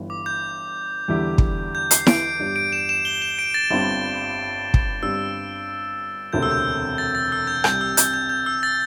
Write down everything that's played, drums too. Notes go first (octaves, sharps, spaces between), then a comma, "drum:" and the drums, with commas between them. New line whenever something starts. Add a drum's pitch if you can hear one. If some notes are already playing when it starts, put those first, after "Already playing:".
Already playing: G1 G2 E3
D6
G6
E2 D3 G3 E4 G4
drum: kick
G6
C7, drum: hi-hat
D7, drum: snare E4
G1 G2 G3 D4 G4
D7
E7
E7
G7
E7
D7
A6
G1 G2 G3 C4
drum: kick
G1 G2 G3 C4 E6
E1 D2 C3 A3 C4 G6
E6
G6
A6
A6
E6
G6
C2 C3 G3 G6, drum: rim click
E6
G6, drum: hi-hat
G6
G6
E6
A6